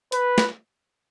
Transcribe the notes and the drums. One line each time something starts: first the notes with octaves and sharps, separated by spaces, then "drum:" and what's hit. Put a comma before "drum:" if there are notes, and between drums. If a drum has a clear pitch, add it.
B4, drum: hi-hat
drum: snare